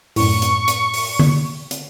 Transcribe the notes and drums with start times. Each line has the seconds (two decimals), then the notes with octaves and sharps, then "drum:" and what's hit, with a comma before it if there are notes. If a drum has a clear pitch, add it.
0.16 F#2 A2 C#6, drum: open hi-hat
0.42 drum: hi-hat
0.68 drum: hi-hat
0.94 drum: open hi-hat
1.19 drum: tom D3
1.71 drum: hi-hat